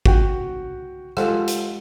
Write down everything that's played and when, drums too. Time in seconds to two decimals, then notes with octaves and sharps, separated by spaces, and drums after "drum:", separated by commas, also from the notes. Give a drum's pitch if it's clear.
0.05 F#4 F#5 G5, drum: kick G#1
1.17 G#3 F4 G4 A4 C5 F#5, drum: rim click
1.48 drum: hi-hat